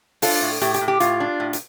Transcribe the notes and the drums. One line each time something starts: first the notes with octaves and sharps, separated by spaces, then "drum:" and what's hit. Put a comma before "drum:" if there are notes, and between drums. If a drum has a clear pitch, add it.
D4 F4 A4, drum: open hi-hat
A2
A2 G4, drum: hi-hat
G4, drum: hi-hat
A2
G4
A2 F4, drum: hi-hat
D4
A2
drum: hi-hat